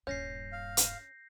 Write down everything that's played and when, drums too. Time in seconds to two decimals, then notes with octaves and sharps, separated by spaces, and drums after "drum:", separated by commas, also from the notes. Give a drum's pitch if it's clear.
0.07 D#1 G2 C#4 G6 A#6 C7
0.52 F5
0.77 drum: hi-hat